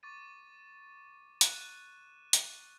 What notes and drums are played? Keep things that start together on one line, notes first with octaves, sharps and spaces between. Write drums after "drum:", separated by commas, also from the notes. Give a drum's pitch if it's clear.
C#6 D6 A6 D#7
F#6 D#7 E7, drum: hi-hat
drum: hi-hat